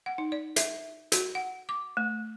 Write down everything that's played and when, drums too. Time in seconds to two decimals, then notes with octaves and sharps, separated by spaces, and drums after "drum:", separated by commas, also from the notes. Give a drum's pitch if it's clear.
0.06 F#5
0.18 D#4
0.32 D5
0.56 E5, drum: hi-hat
1.12 F#4, drum: hi-hat
1.35 F#5
1.69 D6
1.97 A3